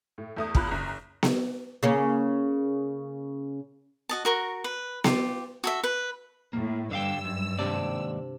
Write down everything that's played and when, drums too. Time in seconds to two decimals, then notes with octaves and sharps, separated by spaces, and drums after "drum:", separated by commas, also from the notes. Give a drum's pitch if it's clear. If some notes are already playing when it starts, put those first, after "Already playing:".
0.18 A2
0.37 E2 A3 D#6
0.55 E2 F4 B5 F#6, drum: kick
0.67 F#1 A#5
1.23 drum: snare B3
1.83 C#3 A#3 C#4
4.09 F#4 D#5 A5
4.25 F#4 A#4 C#6
4.64 B4
5.04 F4 G4, drum: snare B3
5.64 F#4 A4 E5
5.84 B4
6.53 A2 A#3
6.91 G2 D3 F5 G5 E6
7.25 F#2
7.59 D#2 G#2 C3 D4 D5